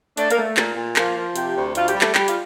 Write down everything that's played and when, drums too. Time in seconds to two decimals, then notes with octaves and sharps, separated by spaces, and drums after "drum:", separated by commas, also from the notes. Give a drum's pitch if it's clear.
0.17 A3 D4 D5, drum: hi-hat
0.30 A#3 A#4, drum: hi-hat
0.37 A3
0.57 A#2, drum: clap
0.76 A#2
0.96 F3 A#3 A#4, drum: clap
1.16 F3
1.36 C3 G4, drum: hi-hat
1.56 D2
1.75 D2 F4, drum: hi-hat
1.88 G4, drum: hi-hat
1.95 G3
2.01 A3 A4, drum: clap
2.15 G3 G4, drum: clap
2.28 F4, drum: hi-hat